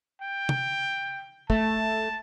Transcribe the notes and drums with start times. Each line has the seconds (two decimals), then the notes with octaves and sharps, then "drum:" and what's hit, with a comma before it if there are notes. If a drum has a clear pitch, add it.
0.21 G5
0.49 drum: tom
1.50 A3 A5, drum: kick